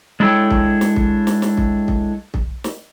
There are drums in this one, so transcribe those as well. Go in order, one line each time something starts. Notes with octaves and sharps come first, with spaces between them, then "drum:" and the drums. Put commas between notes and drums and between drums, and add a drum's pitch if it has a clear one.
G#3 D4 E4 A4 C#5 G5
drum: kick
drum: snare
drum: kick
drum: snare
drum: snare
drum: kick
drum: kick
drum: kick
drum: snare